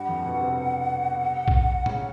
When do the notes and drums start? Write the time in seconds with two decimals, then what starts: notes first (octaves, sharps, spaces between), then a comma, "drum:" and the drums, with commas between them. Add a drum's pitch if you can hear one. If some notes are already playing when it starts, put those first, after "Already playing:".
Already playing: G2 G3 F#5
0.08 F2 F3
0.25 B2 B3
0.41 C3 C4
1.48 drum: kick A#1
1.86 C#3 C#4, drum: tom A#2